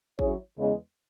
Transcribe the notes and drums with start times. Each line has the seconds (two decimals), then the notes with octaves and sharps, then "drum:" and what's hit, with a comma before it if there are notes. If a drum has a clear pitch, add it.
0.19 F#3 C#4 E4 G#4 C#5, drum: kick G#1
0.58 E2 C#3 G#3